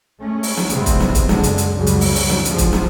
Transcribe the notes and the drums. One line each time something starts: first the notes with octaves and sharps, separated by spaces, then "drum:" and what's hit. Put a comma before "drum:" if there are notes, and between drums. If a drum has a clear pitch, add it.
G#3 A3 C#4
drum: open hi-hat
drum: snare
G1 C3 G3 G#3 B3 C4, drum: hi-hat
drum: kick, hi-hat
drum: snare
drum: kick, hi-hat
F#1 D3 G#3, drum: snare
drum: hi-hat
drum: hi-hat
F#1 C#2 G#2 C#3 F#3 G3
drum: hi-hat
drum: open hi-hat
drum: open hi-hat
drum: snare
G2 D3 F3 G#3, drum: hi-hat
drum: kick, hi-hat
drum: snare